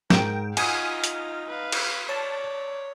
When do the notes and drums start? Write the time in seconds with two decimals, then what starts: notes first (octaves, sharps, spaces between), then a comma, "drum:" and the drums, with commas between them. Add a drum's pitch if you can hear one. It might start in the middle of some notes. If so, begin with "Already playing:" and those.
0.10 G#2 A#4 G5 E7, drum: snare
0.57 D#4 F4 F#5 G#5 D#6 F6, drum: cymbal
1.04 drum: hi-hat
1.49 B4 F5
1.72 drum: cymbal
2.09 C#5 D5 A5